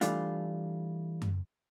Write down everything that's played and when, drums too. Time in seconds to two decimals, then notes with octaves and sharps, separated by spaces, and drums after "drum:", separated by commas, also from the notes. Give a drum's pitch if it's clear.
0.01 E3 G3 A3 D4 F4, drum: hi-hat
1.22 drum: tom F#2